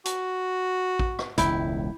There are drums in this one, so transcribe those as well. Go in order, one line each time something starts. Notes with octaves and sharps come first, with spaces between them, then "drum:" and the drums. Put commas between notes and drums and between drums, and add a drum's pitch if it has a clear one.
F#4, drum: hi-hat
drum: kick A1
drum: rim click
E1 C#2 A2 E4 G5, drum: hi-hat